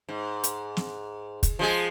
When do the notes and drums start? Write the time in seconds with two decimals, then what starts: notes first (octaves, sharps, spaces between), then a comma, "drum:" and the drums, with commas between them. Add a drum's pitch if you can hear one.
0.09 G#2
0.44 drum: hi-hat
0.77 drum: snare
1.43 drum: kick, hi-hat
1.59 F3 G#3 G#4